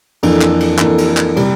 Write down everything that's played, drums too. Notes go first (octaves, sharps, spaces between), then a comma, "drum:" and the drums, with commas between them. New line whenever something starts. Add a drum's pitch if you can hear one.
F2 E3 A#3 D4 A4, drum: cymbal
drum: clap
drum: cymbal
F2 E3 A#3 D4 A4, drum: clap
drum: cymbal
drum: clap
C3 G3, drum: cymbal